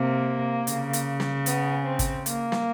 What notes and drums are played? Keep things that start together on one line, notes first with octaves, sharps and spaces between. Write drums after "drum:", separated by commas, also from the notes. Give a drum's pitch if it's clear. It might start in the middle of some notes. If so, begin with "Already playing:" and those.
Already playing: C3 A#3
C#3, drum: hi-hat
drum: hi-hat
drum: snare
B3, drum: hi-hat
C4
drum: kick, hi-hat
A#3, drum: hi-hat
drum: snare